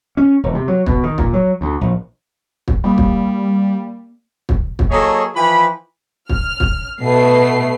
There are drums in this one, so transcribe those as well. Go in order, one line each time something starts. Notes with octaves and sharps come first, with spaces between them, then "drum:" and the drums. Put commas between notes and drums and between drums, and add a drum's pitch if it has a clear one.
C#4
E1
C3
F#3
B2, drum: kick
D#3
A#2, drum: kick
F#3
D2
A#1
drum: kick
G3 A#3 B5
drum: kick
drum: kick
drum: kick
F#3 A#3 G#4 A4 C#5 D#5
E3 F3 G5 B5
F6, drum: kick
drum: kick
B2 A3 B3 C7